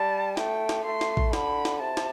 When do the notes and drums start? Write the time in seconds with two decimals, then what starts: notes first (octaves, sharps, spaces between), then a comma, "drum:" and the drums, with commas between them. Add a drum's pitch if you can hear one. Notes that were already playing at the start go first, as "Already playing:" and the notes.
Already playing: G3 A5
0.37 A3 G5, drum: snare
0.69 drum: snare
0.85 A3 C6
1.01 drum: snare
1.17 drum: kick A1
1.33 D3 B5, drum: snare
1.65 drum: snare
1.80 C3 A5
1.97 drum: snare